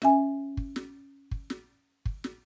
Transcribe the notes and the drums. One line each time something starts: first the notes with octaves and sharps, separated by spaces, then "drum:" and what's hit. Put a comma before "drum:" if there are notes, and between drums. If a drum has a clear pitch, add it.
C#4 E5 G#5, drum: snare
drum: kick
drum: snare
drum: kick
drum: snare
drum: kick
drum: snare